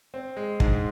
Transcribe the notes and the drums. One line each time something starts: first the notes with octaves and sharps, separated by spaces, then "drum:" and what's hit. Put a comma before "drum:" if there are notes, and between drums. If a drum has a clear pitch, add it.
C4
G#3
G#2, drum: kick